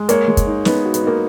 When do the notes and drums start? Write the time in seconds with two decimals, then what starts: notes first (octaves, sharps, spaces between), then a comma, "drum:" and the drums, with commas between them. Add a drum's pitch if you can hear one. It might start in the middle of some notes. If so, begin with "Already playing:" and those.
Already playing: G#3
0.09 A#3 C#5, drum: hi-hat
0.28 G#3
0.37 drum: kick, hi-hat
0.46 D#4
0.65 B3 D#4, drum: snare
0.85 F#4
0.94 B3, drum: hi-hat
1.03 A#3 D#4